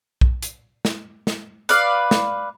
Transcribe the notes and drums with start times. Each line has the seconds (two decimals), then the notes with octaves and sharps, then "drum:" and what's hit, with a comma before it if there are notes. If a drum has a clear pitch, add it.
0.21 drum: kick B1
0.43 drum: hi-hat
0.85 drum: snare
1.27 drum: snare
1.69 B4 D5 F5, drum: hi-hat
2.11 drum: snare